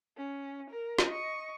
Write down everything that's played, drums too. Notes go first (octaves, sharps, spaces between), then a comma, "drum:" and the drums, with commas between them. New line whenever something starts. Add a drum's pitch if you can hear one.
C#4
A#4
drum: snare
D#5 C#6